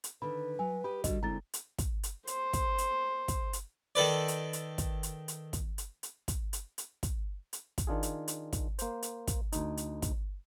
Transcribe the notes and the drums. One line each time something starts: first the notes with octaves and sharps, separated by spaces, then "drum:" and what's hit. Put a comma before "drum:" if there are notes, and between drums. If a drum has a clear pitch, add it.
drum: hi-hat
D3 D#3 B4 B5
F#3 G#5
G4 D#5 B5
D3 G3 F#4 D#5, drum: kick, hi-hat
D3 G#3 C4 E4 A#5 A6
drum: hi-hat
drum: kick, hi-hat
drum: hi-hat
C5, drum: hi-hat
drum: kick, hi-hat
drum: hi-hat
drum: kick, hi-hat
drum: hi-hat
D#3 A4 B4 D5
drum: hi-hat
drum: hi-hat
drum: kick, hi-hat
drum: hi-hat
drum: hi-hat
drum: kick, hi-hat
drum: hi-hat
drum: hi-hat
drum: kick, hi-hat
drum: hi-hat
drum: hi-hat
drum: kick, hi-hat
drum: hi-hat
drum: kick, hi-hat
D#3 D4 F4 G#4
drum: hi-hat
drum: hi-hat
drum: kick, hi-hat
A#3 C5, drum: hi-hat
drum: hi-hat
drum: kick, hi-hat
D2 D#4, drum: hi-hat
drum: hi-hat
drum: kick, hi-hat